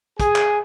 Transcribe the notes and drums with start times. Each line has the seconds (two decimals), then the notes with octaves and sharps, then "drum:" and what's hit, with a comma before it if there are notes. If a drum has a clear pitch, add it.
0.20 G#4, drum: kick, hi-hat
0.36 drum: clap